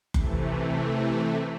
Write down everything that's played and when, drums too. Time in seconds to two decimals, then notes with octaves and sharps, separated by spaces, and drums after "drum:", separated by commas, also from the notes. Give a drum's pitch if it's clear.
0.14 C3 E3 A3, drum: kick F#1